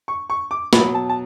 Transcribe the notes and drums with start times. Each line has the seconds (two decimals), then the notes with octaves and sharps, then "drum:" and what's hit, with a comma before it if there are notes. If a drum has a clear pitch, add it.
0.08 C#6
0.30 C#6
0.51 D6
0.73 B2 F#3 B5, drum: snare
0.95 A5
1.09 A5